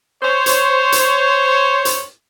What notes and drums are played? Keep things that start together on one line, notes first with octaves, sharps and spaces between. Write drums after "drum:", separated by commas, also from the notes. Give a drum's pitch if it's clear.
C5 C#5
drum: hi-hat
drum: hi-hat
drum: hi-hat